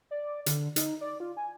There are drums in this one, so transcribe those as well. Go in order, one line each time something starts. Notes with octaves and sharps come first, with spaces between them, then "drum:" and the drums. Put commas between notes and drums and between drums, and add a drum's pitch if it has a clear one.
D5
D3, drum: hi-hat
D#4, drum: hi-hat
D5
F4
G#5